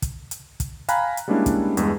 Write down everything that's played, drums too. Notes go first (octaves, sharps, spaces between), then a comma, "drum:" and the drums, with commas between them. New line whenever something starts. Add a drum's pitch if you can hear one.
drum: kick, hi-hat
drum: hi-hat
drum: kick, hi-hat
F5 G5 G#5 A#5 B5 F#6, drum: hi-hat
drum: hi-hat
G3 G#3 A#3 C#4 D4 E4
drum: kick, hi-hat
E2 G2 G#3, drum: hi-hat